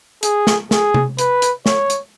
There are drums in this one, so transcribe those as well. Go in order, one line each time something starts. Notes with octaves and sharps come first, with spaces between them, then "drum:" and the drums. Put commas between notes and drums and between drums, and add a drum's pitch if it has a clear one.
G#4, drum: hi-hat
drum: snare
G#4, drum: snare
drum: tom C3
B4, drum: hi-hat
drum: hi-hat
C#5, drum: snare
drum: hi-hat